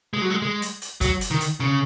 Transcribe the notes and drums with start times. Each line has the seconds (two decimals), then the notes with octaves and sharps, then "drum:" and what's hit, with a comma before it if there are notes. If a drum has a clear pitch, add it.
0.14 G#3
0.22 F#3
0.30 G#3
0.42 G#3
0.62 drum: hi-hat
0.82 drum: hi-hat
1.01 F#3, drum: kick, hi-hat
1.21 drum: hi-hat
1.31 D#3
1.41 drum: hi-hat
1.60 C#3